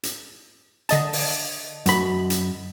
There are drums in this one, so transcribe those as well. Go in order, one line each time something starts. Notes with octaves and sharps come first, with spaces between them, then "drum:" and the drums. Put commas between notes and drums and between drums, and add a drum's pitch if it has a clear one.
drum: hi-hat
D3 D#5 A5, drum: hi-hat
drum: open hi-hat
F#2 B5, drum: hi-hat
drum: hi-hat